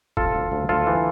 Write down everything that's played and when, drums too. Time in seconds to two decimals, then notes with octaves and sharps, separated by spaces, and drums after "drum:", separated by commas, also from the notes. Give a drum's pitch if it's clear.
0.17 C3 F4 A4, drum: kick
0.35 D2
0.52 D2
0.69 D2 F4 A4
0.87 E3